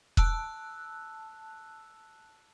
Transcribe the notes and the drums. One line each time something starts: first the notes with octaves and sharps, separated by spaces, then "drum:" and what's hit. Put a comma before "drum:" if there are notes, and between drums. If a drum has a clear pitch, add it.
A5 E6 F#6, drum: kick E1